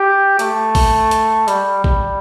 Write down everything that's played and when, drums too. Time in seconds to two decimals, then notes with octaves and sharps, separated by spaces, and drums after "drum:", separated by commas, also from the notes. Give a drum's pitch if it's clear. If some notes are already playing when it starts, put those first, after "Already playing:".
Already playing: G4
0.39 A3, drum: hi-hat
0.75 drum: kick, open hi-hat
1.11 drum: hi-hat
1.48 G3, drum: hi-hat
1.84 G3, drum: kick